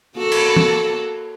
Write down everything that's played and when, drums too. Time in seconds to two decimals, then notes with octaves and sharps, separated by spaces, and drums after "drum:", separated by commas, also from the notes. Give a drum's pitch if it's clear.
0.18 A#3 F#4 A4
0.32 drum: cymbal
0.56 drum: tom E3